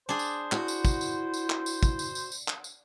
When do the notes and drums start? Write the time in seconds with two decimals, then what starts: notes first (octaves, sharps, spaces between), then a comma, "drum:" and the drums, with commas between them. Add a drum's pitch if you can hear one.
0.09 D4 G#4 C5
0.19 drum: tambourine
0.52 E4 F#4, drum: clap
0.68 drum: tambourine
0.85 drum: kick, tambourine
1.01 drum: tambourine
1.34 drum: tambourine
1.50 drum: clap
1.66 drum: tambourine
1.83 drum: kick, tambourine
1.99 drum: tambourine
2.15 drum: tambourine
2.32 drum: tambourine
2.48 drum: clap
2.64 drum: tambourine